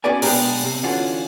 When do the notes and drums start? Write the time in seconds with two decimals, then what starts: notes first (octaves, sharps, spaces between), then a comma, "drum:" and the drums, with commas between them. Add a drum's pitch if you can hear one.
0.04 C#4 F#4 G#4 B4 D5 G#5
0.22 B1 G#3 B3 D4 G4 A#4, drum: open hi-hat
0.63 C3
0.83 D3 E3 C#4 D4 F4 F#4